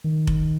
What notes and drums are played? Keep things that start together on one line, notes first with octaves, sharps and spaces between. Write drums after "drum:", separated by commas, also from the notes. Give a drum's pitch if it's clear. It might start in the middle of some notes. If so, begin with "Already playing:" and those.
D#3
drum: kick F1